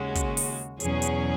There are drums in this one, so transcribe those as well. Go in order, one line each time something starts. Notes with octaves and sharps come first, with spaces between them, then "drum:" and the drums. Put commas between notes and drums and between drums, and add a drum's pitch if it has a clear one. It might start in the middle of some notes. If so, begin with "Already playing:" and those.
Already playing: D#2 C#3 G#3 C#4 F#4
drum: kick, hi-hat
drum: open hi-hat
E2 B2 F#3 C#4 G#4, drum: hi-hat
drum: hi-hat